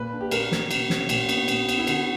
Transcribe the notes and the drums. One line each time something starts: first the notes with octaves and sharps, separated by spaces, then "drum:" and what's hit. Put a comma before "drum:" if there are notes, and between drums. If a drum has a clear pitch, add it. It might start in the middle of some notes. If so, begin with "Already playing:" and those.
Already playing: A#2 A#3 B4
D4
G4
A#2 A#4, drum: cymbal
A#3, drum: snare
B2, drum: cymbal
C#4, drum: snare
A#2, drum: cymbal
B3, drum: cymbal
A#2, drum: cymbal
B3, drum: cymbal
E4
D3 F#4, drum: cymbal